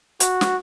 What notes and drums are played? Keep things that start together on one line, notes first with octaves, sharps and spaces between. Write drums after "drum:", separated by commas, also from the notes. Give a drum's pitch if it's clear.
F#4, drum: hi-hat
drum: snare